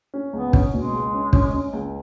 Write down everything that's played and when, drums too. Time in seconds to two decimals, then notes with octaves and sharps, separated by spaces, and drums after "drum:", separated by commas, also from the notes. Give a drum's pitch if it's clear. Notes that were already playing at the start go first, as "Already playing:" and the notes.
0.14 C#4
0.33 C#2 B3
0.53 C#4, drum: kick
0.73 B2 G#3
0.94 C#2
1.14 C#4
1.33 C#4, drum: kick
1.54 C#4
1.73 C#2